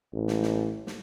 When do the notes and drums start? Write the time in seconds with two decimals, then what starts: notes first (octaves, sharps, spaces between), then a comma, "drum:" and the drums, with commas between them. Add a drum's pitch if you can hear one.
0.13 A1
0.28 drum: snare
0.42 drum: snare
0.87 drum: snare